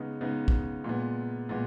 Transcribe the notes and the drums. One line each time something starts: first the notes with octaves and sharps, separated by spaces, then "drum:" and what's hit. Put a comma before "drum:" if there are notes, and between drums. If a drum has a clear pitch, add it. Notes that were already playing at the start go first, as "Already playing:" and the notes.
Already playing: C#3 G#3 B3 D#4
C#3 G#3 B3 D#4
drum: kick
A#2 G#3 B3
A#2 G#3 B3